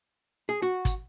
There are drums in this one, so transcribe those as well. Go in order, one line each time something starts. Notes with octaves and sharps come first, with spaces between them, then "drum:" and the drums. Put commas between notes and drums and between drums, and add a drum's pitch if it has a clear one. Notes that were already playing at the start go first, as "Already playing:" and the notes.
G#4
F#4
drum: kick, hi-hat